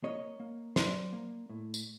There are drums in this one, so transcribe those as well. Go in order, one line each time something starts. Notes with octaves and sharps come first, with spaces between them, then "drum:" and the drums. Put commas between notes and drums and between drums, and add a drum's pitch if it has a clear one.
A#3 C#5 D#5
A#3
F#3 C5 D5, drum: snare
A#3
A2
drum: tambourine